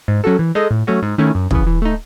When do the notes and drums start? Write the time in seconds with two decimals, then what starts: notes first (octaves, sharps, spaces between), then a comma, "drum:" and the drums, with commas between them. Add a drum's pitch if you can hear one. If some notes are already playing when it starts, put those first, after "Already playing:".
0.08 G#2
0.24 F#3 C#4 F#4 A4
0.39 E3
0.55 G#3 D#4 A4 D#5
0.71 A2
0.87 F#3 A3 C#4 F#4
1.02 G#2
1.18 D#3 A3 C#4 E4
1.35 F#2
1.51 C#3 E3 B3, drum: kick
1.67 E3
1.82 A3 D#4